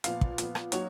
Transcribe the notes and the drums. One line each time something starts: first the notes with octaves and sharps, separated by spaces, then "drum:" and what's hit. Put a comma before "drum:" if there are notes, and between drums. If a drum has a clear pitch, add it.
A#2 F3 B3 F5, drum: hi-hat
drum: kick
A#2 F3 B3, drum: hi-hat
drum: rim click
F#3 A#3 D#4 F#4 C#5, drum: hi-hat